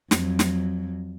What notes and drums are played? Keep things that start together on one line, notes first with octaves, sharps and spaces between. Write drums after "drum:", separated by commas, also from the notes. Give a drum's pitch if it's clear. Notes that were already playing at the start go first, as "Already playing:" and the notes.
F2 F#3, drum: snare
drum: snare